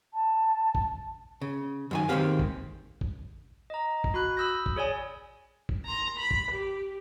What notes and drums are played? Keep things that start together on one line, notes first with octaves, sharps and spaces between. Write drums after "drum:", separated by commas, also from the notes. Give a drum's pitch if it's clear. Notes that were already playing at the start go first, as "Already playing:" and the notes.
A5
drum: kick A1
C#3
F#2 D#3 G#5
D#3 G#3 A#3 C4 G4 F5
drum: kick A1
drum: kick A1
D#5 A#5
drum: kick A1
F#4 B5 F#6
B5 D#6 E6 G6 A#6
drum: kick A1
G#4 C#5 D5 G#5
drum: kick A1
A#5 C6
B5
drum: kick A1
G4